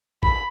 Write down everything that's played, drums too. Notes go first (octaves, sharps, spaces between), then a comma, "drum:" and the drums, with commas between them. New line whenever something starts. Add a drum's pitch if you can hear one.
B5, drum: kick G#1